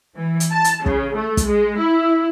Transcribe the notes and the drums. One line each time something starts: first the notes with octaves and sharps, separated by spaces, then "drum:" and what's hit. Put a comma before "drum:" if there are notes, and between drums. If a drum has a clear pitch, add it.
E3
drum: hi-hat
A5
drum: hi-hat
C#3, drum: kick
A3
drum: kick, hi-hat
G#3
E4